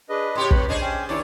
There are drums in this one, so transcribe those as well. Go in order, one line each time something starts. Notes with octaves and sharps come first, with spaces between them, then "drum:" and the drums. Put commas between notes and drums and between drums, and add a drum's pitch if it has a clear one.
D4 G#4 B4 D#5
A2 G4 C#5 C6
F2 B4 C#5 B5, drum: kick
D4 G#4 C5 C#5 D#5
C#4 G5
D#2 D4 E4 C#5 D5